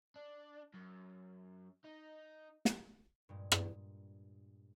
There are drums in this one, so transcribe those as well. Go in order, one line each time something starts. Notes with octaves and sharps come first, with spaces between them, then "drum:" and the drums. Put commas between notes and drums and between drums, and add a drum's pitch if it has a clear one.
D4
F#2
D#4
drum: snare
G2 A#2 G#3
drum: rim click